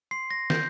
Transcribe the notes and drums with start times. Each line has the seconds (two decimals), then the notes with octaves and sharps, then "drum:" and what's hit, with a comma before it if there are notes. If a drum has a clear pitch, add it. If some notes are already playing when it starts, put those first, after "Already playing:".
0.11 C6 C7
0.31 A#6
0.50 G6, drum: snare